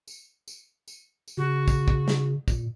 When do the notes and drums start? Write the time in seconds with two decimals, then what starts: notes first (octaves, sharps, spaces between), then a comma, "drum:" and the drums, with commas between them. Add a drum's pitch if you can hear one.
0.08 drum: tambourine
0.48 drum: tambourine
0.88 drum: tambourine
1.28 drum: tambourine
1.37 C#3 F#4
1.68 drum: kick, tambourine
1.88 drum: kick
2.08 drum: snare
2.48 A#2, drum: kick, tambourine